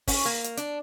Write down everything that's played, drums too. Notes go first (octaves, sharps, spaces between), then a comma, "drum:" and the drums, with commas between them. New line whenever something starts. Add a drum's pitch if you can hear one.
C#4, drum: kick, open hi-hat
A#3
drum: hi-hat
D4, drum: hi-hat